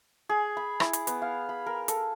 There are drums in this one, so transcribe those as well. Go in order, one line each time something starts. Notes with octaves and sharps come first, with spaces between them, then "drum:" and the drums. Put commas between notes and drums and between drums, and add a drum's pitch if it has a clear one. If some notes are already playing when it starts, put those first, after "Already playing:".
G#4
B5
E4, drum: rim click
drum: hi-hat
B3, drum: hi-hat
F5
B5
A#4
A4, drum: hi-hat